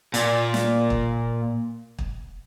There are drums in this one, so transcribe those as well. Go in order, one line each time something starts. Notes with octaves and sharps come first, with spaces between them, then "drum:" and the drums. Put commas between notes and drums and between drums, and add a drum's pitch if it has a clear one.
A#2, drum: hi-hat
drum: snare
drum: kick
drum: kick